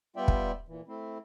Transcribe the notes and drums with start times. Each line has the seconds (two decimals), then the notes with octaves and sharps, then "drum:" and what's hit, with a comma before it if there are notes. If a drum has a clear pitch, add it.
0.16 G3 B3 F4 D5 E5 G5
0.28 drum: kick
0.68 A#2 E3
0.88 A3 C4 E4